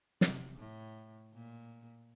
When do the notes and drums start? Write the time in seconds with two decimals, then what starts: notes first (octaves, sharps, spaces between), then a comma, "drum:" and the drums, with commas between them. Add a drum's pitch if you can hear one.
0.21 C3, drum: snare
0.58 A2
1.34 A#2